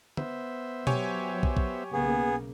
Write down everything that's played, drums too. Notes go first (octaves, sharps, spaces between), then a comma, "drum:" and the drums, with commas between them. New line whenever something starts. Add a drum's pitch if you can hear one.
B3 C5 E5, drum: tom D3
F#3 G4 C#5 G#5, drum: tom B2
drum: kick
drum: kick
B1 C#3 A#3 B3 G#4